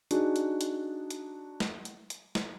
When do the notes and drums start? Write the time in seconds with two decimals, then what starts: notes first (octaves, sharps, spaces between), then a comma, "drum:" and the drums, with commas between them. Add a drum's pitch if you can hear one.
0.11 D4 D#4 F#4 G#4, drum: hi-hat
0.36 drum: hi-hat
0.61 drum: hi-hat
1.11 drum: hi-hat
1.60 drum: snare
1.85 drum: hi-hat
2.10 drum: hi-hat
2.35 drum: snare